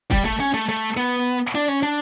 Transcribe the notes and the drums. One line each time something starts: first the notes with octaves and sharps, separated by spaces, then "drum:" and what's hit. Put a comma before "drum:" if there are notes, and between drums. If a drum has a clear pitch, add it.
G3, drum: kick
A3
C#4
A3
A3
B3
D4
C#4
D4